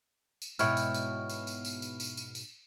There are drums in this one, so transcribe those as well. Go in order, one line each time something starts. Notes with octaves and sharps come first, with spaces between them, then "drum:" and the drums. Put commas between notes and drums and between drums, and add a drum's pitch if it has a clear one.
drum: tambourine
G#2 B2 B3 E4 C#5 G5 F6, drum: tambourine
drum: tambourine
drum: tambourine
drum: tambourine
drum: tambourine
drum: tambourine
drum: tambourine
drum: tambourine
drum: tambourine
drum: tambourine